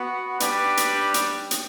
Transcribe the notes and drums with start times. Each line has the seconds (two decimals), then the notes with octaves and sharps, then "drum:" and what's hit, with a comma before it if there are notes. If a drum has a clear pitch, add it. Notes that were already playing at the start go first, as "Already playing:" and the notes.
Already playing: B3 F#4
0.40 G3 D4 G4 B4 D5, drum: hi-hat
0.77 drum: hi-hat
1.14 drum: hi-hat
1.51 drum: hi-hat